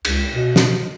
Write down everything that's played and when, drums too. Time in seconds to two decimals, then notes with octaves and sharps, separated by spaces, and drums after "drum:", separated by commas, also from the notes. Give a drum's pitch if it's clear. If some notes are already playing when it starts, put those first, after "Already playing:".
0.05 C#2, drum: cymbal
0.33 B2
0.56 drum: snare